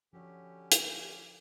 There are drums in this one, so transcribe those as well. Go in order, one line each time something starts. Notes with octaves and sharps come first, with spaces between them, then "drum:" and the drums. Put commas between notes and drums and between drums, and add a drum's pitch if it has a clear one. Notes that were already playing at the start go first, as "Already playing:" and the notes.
D3 F3 C#4 F#4 G4 C#5
drum: hi-hat